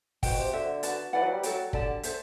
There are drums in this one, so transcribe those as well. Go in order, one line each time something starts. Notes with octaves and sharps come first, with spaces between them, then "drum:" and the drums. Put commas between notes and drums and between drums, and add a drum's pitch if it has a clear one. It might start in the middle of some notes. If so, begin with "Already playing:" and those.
B2 F#4 C5 G5, drum: kick, open hi-hat
C3
D3 F#4 C5 E5
F#4 B4 D5 A5, drum: hi-hat
E3 B4 D5 F#5
F#3
G3
F#3 F#4 A4 E5 G5, drum: hi-hat
D3 G4 D5 A5, drum: kick
A4 C5 E5, drum: hi-hat